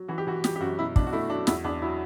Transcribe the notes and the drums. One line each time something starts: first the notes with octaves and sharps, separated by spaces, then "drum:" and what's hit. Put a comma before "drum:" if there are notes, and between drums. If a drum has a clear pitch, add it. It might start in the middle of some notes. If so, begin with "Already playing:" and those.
Already playing: F#3
E3 F#4
G4
E3 F#4
G3 G4, drum: snare
G4
F#2 F#4
B2 E4
B2 D4, drum: kick
F#4
A3 E4
F#3 D4
E2 E4, drum: snare
E2 D4
F#3 E4